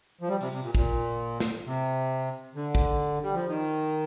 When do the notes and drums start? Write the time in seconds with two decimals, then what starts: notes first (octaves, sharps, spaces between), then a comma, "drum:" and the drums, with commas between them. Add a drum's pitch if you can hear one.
0.21 F3
0.29 G3
0.41 C3, drum: open hi-hat
0.52 C3
0.63 A#2
0.75 A#2, drum: kick A1
1.40 drum: snare
1.66 C3
2.55 D3
2.75 drum: kick A1
3.23 G3
3.34 F3
3.47 D#3